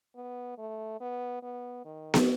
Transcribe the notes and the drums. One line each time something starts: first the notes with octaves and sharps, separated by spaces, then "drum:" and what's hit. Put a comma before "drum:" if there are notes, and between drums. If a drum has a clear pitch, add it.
B3
A3
B3
B3
D#3
drum: snare